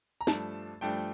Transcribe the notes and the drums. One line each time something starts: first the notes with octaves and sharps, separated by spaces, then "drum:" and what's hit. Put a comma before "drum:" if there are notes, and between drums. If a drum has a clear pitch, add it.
A#5
G2 F3 A3 D4 A5, drum: snare
G2 F3 A3 D4 G5